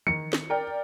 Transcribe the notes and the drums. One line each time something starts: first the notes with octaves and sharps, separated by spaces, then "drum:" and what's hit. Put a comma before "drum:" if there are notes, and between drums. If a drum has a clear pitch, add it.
D#3 C#7, drum: tom E3
drum: snare
A#4 D5 G5